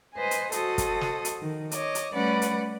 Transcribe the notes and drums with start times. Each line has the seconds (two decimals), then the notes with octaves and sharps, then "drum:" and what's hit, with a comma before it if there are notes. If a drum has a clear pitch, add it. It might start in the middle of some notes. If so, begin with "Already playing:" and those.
0.15 B4 C5 D#5 G#5
0.31 drum: hi-hat
0.52 F#4 A4 C5 D#5 D#6, drum: hi-hat
0.78 drum: kick, hi-hat
1.01 drum: snare
1.25 drum: hi-hat
1.41 D#3
1.71 C#5 D#5 D6, drum: hi-hat
1.95 drum: hi-hat
2.12 G3 A3 C#4 B4 D5 F#5
2.42 drum: hi-hat